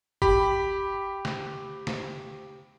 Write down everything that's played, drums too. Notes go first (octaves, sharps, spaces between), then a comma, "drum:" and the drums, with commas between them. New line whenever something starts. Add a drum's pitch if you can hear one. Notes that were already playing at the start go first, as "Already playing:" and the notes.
G4 B5, drum: kick G1
drum: snare
drum: snare